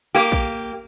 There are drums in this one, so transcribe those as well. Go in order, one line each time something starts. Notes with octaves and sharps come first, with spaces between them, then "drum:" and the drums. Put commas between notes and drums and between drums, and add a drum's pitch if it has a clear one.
A#3 G4
drum: kick